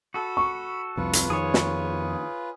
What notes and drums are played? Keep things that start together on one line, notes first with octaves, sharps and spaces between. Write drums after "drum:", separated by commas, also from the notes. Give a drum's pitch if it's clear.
F#4 A4 B5
C#6
C2 F2 C3 F4 B4
drum: hi-hat
F2 D#3 G#4 C#5
drum: snare